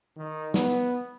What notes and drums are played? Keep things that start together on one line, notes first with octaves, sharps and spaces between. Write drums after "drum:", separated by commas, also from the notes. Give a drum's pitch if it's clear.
D#3
B3, drum: snare